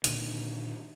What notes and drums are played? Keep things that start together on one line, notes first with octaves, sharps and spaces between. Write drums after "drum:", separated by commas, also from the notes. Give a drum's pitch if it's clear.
A#2 D3 D#3, drum: hi-hat